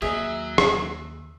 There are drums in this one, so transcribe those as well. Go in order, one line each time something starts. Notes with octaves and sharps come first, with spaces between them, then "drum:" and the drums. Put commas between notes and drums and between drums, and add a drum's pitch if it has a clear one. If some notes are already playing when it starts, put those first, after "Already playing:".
D#2 F#3 G#4 D#5 E5
drum: rim click